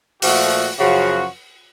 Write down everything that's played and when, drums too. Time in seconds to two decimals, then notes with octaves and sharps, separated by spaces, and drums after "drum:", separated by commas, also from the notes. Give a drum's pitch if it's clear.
0.22 A#2 F3 A3 F#4, drum: open hi-hat
0.79 F#2 C#3 F3 F#4